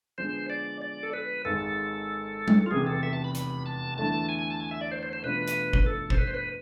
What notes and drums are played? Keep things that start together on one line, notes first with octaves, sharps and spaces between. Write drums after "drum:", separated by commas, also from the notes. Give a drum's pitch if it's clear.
D3 F3 G#3 B3 C5
D5
D5
A4
B4
G#1 G#2 G#3 A4
drum: tom G#3
F4
F1 E2 C3 G#4
A4
E5
A5
B5
B5, drum: hi-hat
A5
E2 D3 A3 E4 A4 A5
G#5
G#5
A5
G#5
E5
D5
C5
C5
C5
E2 B2 A3 D4 F4 B4
drum: hi-hat
drum: kick
A4
C5, drum: kick
B4
C5
B4